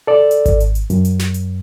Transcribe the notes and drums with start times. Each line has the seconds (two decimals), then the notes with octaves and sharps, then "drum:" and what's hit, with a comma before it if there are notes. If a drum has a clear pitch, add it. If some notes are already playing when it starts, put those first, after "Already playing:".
0.07 A4 D5
0.31 drum: hi-hat
0.46 drum: kick G#1, hi-hat
0.60 drum: hi-hat
0.75 drum: hi-hat
0.90 F#2, drum: hi-hat
1.05 drum: hi-hat
1.19 drum: snare
1.34 drum: hi-hat